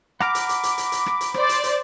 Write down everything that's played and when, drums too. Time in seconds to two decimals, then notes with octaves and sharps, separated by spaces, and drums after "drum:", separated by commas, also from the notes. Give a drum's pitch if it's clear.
0.21 F#5 A#5 B5 D6 F6, drum: rim click
0.35 drum: hi-hat
0.49 drum: hi-hat
0.63 drum: hi-hat
0.78 drum: hi-hat
0.92 drum: hi-hat
1.06 drum: rim click
1.21 drum: hi-hat
1.34 C5 D5, drum: rim click
1.49 drum: hi-hat
1.64 drum: hi-hat